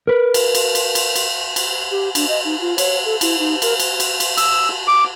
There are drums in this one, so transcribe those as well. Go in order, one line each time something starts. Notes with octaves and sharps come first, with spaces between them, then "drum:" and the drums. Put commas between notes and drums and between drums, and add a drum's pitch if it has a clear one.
A#4 B4
drum: cymbal
drum: cymbal
drum: cymbal
drum: cymbal
drum: cymbal
drum: cymbal
G4
D4, drum: cymbal
D#5
D#4
F4
C#5, drum: cymbal
A4
E4, drum: cymbal
D#4
A#4, drum: cymbal
drum: cymbal
drum: cymbal
drum: cymbal
E6, drum: cymbal
D6